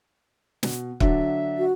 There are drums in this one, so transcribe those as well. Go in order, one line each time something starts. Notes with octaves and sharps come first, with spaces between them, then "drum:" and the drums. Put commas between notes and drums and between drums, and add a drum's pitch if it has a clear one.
B2, drum: snare
D3 F#3 D4 E5, drum: kick
F#4